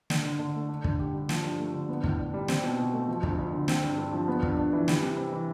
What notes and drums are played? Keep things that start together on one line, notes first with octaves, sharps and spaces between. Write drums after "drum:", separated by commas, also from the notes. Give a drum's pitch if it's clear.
D4, drum: snare
D3
D3
A3
D4
D3, drum: kick
G4
G3
F3, drum: snare
G2
A3
D3
B3
A2, drum: kick
D4
G3
C4, drum: snare
B2
B2
A3
F3
D2, drum: kick
D2
D3
C4, drum: snare
G2
G2
F3
B3
G2, drum: kick
D4
E3
G3, drum: snare
C3
C4
E3